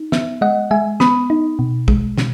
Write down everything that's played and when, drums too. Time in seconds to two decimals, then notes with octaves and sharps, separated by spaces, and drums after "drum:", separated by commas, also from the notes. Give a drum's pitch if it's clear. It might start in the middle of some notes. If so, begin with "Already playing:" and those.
Already playing: D#4
0.12 B3 E5, drum: snare
0.41 G#3 D#5 F#5
0.71 G#3 E5 G#5
1.00 B3 B5 D#6, drum: snare
1.30 D#4
1.59 B2
1.88 G#3, drum: kick
2.18 B2, drum: snare